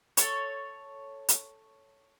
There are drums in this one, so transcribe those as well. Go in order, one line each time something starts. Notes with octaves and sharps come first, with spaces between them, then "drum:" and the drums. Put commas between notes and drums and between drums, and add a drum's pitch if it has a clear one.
A4 C#5, drum: hi-hat
drum: hi-hat